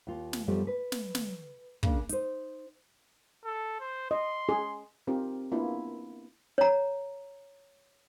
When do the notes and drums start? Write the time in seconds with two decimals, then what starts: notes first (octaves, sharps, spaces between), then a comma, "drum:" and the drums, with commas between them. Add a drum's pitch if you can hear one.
0.07 D#2 F4
0.33 drum: snare
0.48 F#2 F3 G3 A3 B3
0.67 B4
0.92 drum: snare
1.15 drum: snare
1.83 C#3 A#3 D4, drum: kick
2.09 D#4 C5, drum: hi-hat
3.45 A4
3.81 C5
4.11 D#5 C6
4.49 G#4
5.07 C4 D#4 F4 G4 A#4
5.52 A#3 B3 D4 E4 F4
6.58 C#5 A#5